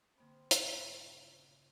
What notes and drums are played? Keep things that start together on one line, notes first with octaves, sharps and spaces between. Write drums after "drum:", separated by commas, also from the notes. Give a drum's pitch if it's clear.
D3 A#3 C4 B5
G2 A#2 C#3, drum: hi-hat